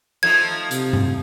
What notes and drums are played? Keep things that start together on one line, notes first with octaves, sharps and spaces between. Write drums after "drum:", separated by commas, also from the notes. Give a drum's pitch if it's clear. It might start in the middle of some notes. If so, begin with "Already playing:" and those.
F3 A3 D#4 G#6
C3, drum: hi-hat
drum: tom G2